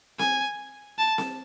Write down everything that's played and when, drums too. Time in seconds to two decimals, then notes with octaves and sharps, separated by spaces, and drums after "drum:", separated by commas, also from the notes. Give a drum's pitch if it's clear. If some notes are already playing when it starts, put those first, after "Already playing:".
0.19 G#5, drum: snare C4
0.98 A5
1.18 drum: snare C4